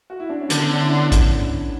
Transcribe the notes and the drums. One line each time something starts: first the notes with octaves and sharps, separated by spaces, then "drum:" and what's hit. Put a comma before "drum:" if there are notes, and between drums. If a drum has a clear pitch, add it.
F#4
E4
D4
C#4
D3 B3, drum: hi-hat
C#4
D4
E4
D4
drum: kick A1, hi-hat